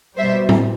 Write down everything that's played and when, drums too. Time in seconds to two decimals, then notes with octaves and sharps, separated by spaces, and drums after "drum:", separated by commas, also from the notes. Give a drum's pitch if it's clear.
0.17 B2 G3 C5 E5
0.49 drum: tom A2